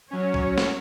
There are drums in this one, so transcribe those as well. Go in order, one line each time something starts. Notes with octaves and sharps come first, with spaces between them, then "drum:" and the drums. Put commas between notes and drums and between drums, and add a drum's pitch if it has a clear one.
F#3 C#4 C#5
drum: kick A#1
drum: snare